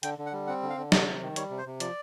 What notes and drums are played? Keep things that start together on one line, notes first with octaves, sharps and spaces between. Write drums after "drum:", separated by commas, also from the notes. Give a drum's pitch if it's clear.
D3 G5, drum: hi-hat
D3
F#5
G3
C4 F#5
D3
F5
D3
C3 D#5, drum: snare
C3
D#3
G3 C#5, drum: hi-hat
C3
C5
C3
F3 D5, drum: hi-hat